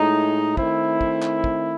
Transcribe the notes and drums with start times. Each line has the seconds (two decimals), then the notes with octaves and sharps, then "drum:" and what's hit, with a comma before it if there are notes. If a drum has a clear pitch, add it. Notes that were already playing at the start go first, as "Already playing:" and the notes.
Already playing: A2 G#3 D#4
0.57 D#3 A3 C4 E4, drum: kick
1.01 drum: kick
1.22 drum: clap
1.44 drum: kick